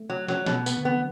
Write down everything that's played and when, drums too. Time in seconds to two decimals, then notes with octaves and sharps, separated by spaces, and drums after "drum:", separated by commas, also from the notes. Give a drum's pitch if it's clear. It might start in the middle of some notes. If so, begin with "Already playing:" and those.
Already playing: A3
0.10 F#3
0.28 F#3, drum: snare
0.46 B2, drum: snare
0.66 B3, drum: tambourine
0.77 D3
0.85 E3 B3
0.96 F#3